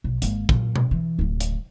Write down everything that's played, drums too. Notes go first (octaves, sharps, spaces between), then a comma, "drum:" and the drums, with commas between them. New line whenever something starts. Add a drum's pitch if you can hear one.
B1
G#1 A#3, drum: hi-hat
A#2 F#3, drum: kick
drum: tom B2
E3
D1 C#2
drum: hi-hat